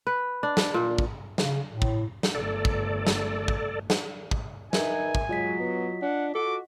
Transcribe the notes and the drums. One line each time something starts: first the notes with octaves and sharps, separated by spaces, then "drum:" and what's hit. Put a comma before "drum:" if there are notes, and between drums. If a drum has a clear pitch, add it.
B4
D4
drum: snare
A#2
drum: kick
C#3, drum: snare
A2
drum: kick
drum: snare
G1 A3 A4 D5
drum: kick
drum: snare
drum: kick
drum: snare
drum: kick
D#4 A#4 B4 E5 G#5 G#6, drum: snare
drum: kick
F#3 G#3 F4 D#5 B6
B3
D4 F#5
F#4 A4 D6